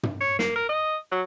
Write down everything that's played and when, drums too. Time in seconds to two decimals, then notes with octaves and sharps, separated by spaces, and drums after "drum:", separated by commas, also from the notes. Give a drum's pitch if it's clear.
0.03 drum: tom
0.21 C#5
0.39 A#3, drum: snare
0.56 A#4
0.69 D#5
1.12 F#3